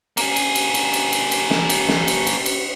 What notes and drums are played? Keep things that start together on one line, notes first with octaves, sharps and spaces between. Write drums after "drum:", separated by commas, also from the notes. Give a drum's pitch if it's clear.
A#3 G#4, drum: cymbal
drum: cymbal
drum: cymbal
drum: cymbal
drum: cymbal
drum: cymbal
drum: cymbal
drum: snare
drum: cymbal
drum: snare
drum: cymbal
drum: cymbal
drum: cymbal